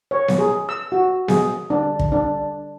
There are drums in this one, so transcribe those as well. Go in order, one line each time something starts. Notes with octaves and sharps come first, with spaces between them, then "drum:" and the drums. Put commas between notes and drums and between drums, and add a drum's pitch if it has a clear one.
C#5
drum: snare B3
G#4
E6
F#4
G#4, drum: snare B3
D4
drum: kick
D4